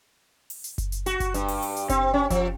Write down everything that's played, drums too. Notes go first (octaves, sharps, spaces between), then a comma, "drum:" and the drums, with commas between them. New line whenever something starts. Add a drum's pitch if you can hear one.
drum: open hi-hat
drum: hi-hat
drum: kick F#1, hi-hat
drum: hi-hat
F#4, drum: hi-hat
drum: kick F#1, hi-hat
G2, drum: hi-hat
drum: open hi-hat
drum: open hi-hat
drum: hi-hat
C4, drum: kick F#1, hi-hat
C#4
F3, drum: kick F#1, hi-hat